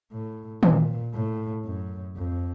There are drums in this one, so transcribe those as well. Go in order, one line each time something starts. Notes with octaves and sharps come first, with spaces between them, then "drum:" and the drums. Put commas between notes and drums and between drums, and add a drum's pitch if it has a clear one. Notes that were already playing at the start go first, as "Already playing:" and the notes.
A2
A#2, drum: tom D#3
A2
F#2
F2